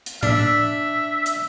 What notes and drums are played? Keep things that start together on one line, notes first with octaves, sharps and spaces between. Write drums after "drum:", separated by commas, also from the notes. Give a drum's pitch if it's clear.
drum: hi-hat
D4 E5, drum: tom A2
drum: hi-hat